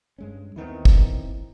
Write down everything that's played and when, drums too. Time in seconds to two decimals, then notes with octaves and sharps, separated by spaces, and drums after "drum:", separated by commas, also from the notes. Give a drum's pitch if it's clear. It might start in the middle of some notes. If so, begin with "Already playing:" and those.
0.18 G2 G#3 C#4
0.56 D#2 D#3 B3 C4 D#4 E4
0.85 drum: kick